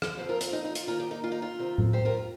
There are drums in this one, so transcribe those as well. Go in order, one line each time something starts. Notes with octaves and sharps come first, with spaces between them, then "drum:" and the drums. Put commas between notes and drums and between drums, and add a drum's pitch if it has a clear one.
drum: rim click
F2 F3 C4 G4 C5
F4 A#4
F4, drum: hi-hat
D#4
D#4
F4, drum: hi-hat
D#2 D#3 A#3 F4 A#4
D#4 G4
D#4
F4
D#4
F4
C3 D#3 C4
drum: tom A2
G4 C5
F4 A#4
F4